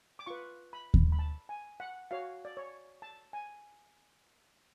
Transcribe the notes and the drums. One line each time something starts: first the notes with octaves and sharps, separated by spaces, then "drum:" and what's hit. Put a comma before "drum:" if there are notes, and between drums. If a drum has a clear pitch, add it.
D6
F4 B4 C#6
B5
drum: kick D#2
B5
A5
G#5
F#5
F#4 C#5 F5
D5
C#5
A5
G#5